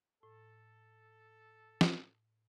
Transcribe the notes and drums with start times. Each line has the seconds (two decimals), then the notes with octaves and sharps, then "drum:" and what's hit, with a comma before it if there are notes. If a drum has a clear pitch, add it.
0.23 A2 A4
1.81 drum: snare